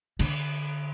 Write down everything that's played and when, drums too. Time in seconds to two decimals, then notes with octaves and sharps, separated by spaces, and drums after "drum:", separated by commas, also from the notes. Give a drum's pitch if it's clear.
0.19 D3, drum: cymbal